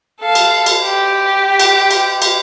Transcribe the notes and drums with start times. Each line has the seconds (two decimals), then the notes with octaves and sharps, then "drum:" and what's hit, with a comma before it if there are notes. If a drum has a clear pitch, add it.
0.20 A4 F5
0.35 drum: cymbal
0.66 drum: cymbal
0.84 G4
1.60 drum: cymbal
1.91 drum: cymbal
2.22 drum: cymbal